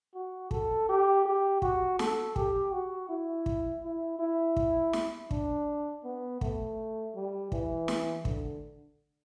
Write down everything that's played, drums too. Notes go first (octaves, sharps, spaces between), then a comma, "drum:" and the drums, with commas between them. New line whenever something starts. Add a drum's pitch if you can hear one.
F#4
A4, drum: kick
G4
G4
F#4, drum: kick
A4, drum: snare
G4, drum: kick
F#4
E4
drum: kick
E4
E4
drum: kick
drum: snare
D4, drum: kick
B3
A3, drum: kick
G3
E3, drum: kick
drum: snare
D3, drum: kick